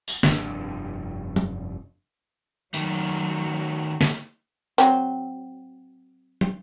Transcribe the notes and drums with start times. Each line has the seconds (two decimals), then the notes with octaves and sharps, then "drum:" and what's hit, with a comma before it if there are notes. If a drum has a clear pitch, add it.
0.08 drum: tambourine
0.23 F1 G2 D4, drum: snare
1.36 drum: tom
2.74 D#3 F#3 A3, drum: hi-hat
4.01 drum: snare
4.78 F#3 C4, drum: hi-hat
6.41 drum: tom